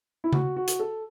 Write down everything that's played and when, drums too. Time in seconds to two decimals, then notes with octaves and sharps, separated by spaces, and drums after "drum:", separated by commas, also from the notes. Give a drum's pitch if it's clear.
0.24 E4
0.33 F#4, drum: tom C#3
0.56 F#4
0.68 drum: hi-hat
0.80 A4